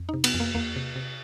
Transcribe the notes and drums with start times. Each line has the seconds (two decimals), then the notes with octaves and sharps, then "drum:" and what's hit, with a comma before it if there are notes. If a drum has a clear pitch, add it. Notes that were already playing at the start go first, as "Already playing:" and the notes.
Already playing: F2
0.09 C3 D#4
0.24 B3, drum: cymbal
0.34 F2
0.40 A#3
0.55 E2 A#3
0.76 C3
0.96 C3